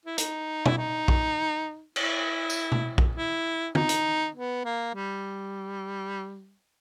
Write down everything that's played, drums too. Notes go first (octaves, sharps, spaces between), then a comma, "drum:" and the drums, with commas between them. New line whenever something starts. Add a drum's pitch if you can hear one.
E4
D#4, drum: hi-hat
E4, drum: tom
D#4
drum: kick A#1
E4, drum: cymbal
drum: tambourine
drum: tom B2
drum: kick A#1
E4
D#4, drum: tom
drum: hi-hat
B3
A#3
G3